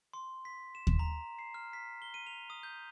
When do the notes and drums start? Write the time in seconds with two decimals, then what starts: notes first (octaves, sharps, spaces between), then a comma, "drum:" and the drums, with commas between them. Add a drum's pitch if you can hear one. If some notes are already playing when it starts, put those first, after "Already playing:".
0.13 C6
0.45 B6
0.75 E7
0.87 drum: kick D#2
0.99 A#5
1.39 C7
1.54 F6
1.73 B6
2.02 G7
2.14 D#7
2.26 F7
2.50 D#6
2.63 G6